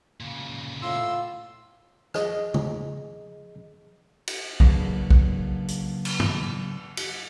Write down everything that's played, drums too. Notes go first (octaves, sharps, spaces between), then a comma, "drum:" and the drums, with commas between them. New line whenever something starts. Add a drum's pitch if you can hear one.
A#2 C#3
A2 F4 C6 E6
F3 G#4 D#5, drum: rim click
drum: tom
drum: cymbal
C#3 F#3 A#3 D4 G#4 B4, drum: kick
drum: kick
drum: hi-hat
drum: cymbal
drum: tom
drum: cymbal